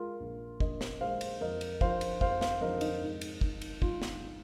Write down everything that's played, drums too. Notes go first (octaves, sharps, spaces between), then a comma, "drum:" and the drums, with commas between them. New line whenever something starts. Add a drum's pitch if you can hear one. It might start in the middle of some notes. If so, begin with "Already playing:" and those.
Already playing: G#3 F4 A#4
A#1
A#1 A#4 D#5, drum: kick
drum: snare
G#3 C5 F5
drum: cymbal
F2 A#4 D#5
drum: cymbal
F3 C5 F5, drum: kick
drum: cymbal
F2 C5 F5, drum: kick
C5 F5, drum: snare
F2 A#4 D#5
D#4, drum: cymbal
G#2
drum: cymbal
D#3, drum: kick
drum: cymbal
G#1 F4, drum: kick
drum: snare